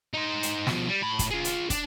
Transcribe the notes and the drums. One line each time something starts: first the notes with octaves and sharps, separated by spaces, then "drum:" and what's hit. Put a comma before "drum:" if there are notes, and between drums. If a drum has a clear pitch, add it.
D#4 C5
drum: hi-hat
B2 F3, drum: snare
G3
A2 B5
drum: kick, hi-hat
F4 G#4
drum: hi-hat
D4, drum: kick, hi-hat